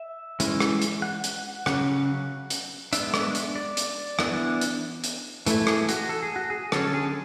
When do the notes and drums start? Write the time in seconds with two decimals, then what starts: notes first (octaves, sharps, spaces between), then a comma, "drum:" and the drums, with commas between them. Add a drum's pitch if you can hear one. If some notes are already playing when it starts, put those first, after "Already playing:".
Already playing: E5
0.40 E3 G#3 C#4 E4, drum: hi-hat
0.60 drum: rim click
0.82 drum: hi-hat
1.02 F#5
1.24 drum: hi-hat
1.66 C#3 F#3 C#4 F#5, drum: rim click
2.50 drum: hi-hat
2.93 G#3 B3 D4 E5, drum: hi-hat
3.14 drum: rim click
3.35 drum: hi-hat
3.56 D5
3.77 drum: hi-hat
4.19 E3 B3 D4, drum: rim click
4.61 drum: hi-hat
5.04 drum: hi-hat
5.46 E3 A3 E4, drum: hi-hat
5.67 G#4, drum: rim click
5.89 F#4, drum: hi-hat
6.09 A4
6.23 G#4
6.36 F#4
6.50 G#4
6.72 D3 F#3 C#4 A4, drum: rim click
6.94 G#4